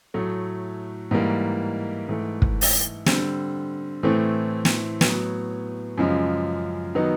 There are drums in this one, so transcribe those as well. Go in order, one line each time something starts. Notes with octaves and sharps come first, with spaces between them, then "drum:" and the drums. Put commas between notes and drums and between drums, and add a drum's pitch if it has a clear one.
A2 F#3 A3
G#2 E3 G3 A#3
G#2 E3 A3
drum: kick
drum: open hi-hat
D3 G3 C4, drum: snare
A2 E3 A3 C4
drum: snare
A2 F#3 B3, drum: snare
F#2 C#3 F3 G#3
D#3 F#3 B3 D#4